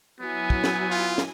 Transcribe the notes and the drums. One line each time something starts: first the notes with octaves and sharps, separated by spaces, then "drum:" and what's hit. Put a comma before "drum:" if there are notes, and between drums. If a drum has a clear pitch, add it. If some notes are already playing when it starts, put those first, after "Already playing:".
F#3 B3 E4 G#5
drum: kick
drum: snare
F4
drum: snare